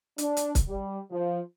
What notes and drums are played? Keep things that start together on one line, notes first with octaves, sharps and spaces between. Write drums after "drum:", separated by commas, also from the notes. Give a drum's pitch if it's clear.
D4, drum: hi-hat
drum: hi-hat
drum: kick, hi-hat
G3
F3